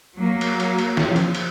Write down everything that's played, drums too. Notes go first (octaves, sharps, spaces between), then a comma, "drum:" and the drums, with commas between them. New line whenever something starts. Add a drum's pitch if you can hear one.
F#3 A#3
drum: cymbal
drum: cymbal
drum: cymbal
F3, drum: snare
drum: cymbal
drum: cymbal